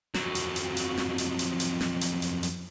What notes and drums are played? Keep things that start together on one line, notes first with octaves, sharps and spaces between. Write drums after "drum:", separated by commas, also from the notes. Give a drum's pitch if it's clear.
F2 F#3, drum: snare
drum: hi-hat
drum: hi-hat
drum: hi-hat
drum: snare
drum: hi-hat
drum: hi-hat
drum: hi-hat
drum: snare
drum: hi-hat
drum: hi-hat
drum: hi-hat